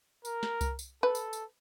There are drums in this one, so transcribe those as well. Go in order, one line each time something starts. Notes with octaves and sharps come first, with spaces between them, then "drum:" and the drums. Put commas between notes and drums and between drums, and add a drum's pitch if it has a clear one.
A#4, drum: tambourine
drum: snare
drum: kick C2, tambourine
drum: tambourine
A4 B4
drum: tambourine
drum: tambourine